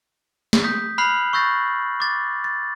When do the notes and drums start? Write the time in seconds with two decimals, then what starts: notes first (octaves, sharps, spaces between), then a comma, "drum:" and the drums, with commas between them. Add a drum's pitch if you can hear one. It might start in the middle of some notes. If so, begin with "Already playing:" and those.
0.53 drum: snare
0.64 D#6 G6 B6
0.98 B5 F6 F#6 C7 F#7
1.33 C#6 E6 G6 A6 A#6 C7
2.00 D6 A6
2.44 A6